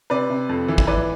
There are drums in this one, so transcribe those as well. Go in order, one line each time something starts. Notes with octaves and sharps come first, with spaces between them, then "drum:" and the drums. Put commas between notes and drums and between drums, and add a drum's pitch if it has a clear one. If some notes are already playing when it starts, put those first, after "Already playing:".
C3 B4 D5
C3
F2
E3
drum: kick
E3 B4 D5